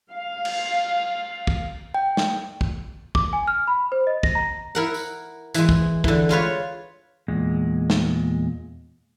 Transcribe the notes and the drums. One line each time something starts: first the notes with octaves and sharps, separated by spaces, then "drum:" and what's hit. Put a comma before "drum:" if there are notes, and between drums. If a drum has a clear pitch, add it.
F5
drum: cymbal
drum: kick
G5
drum: snare
drum: kick
D6, drum: kick
G#5
F6
B5
C5
D#5
A#6, drum: kick
A#5
E4 A#4 F#5
drum: tambourine
E3 G#3, drum: hi-hat
drum: kick
D3 E3, drum: kick
G#3 F4 B4 C#5
E2 A#2 G#3
drum: snare